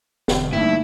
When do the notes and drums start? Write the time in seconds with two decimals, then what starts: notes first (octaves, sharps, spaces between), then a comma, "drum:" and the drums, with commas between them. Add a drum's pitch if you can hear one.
0.28 E1 D3, drum: snare
0.53 G2 A3 A#3 D#4 E4